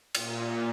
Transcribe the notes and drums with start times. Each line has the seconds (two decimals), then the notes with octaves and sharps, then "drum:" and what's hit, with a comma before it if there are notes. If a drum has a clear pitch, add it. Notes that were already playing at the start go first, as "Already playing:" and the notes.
0.15 A#2, drum: cymbal